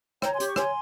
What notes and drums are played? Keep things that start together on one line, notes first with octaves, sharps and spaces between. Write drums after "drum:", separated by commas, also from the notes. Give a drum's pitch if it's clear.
C#5 G5 A#5, drum: rim click
G#5 C6
G4, drum: hi-hat
C#6
C#5 G#5 C6, drum: rim click